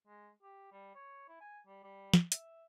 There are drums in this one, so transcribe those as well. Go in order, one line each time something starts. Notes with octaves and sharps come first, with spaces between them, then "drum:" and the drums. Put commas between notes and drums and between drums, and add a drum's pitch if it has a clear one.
G#3
G4
G3
C#5
E4
G#5
G3
G3
drum: snare
E5, drum: hi-hat